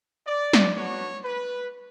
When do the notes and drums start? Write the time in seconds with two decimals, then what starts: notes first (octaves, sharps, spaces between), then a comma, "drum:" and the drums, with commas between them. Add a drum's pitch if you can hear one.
0.27 D5
0.53 drum: snare
0.75 B3 D4 F#4 C#5
1.24 B4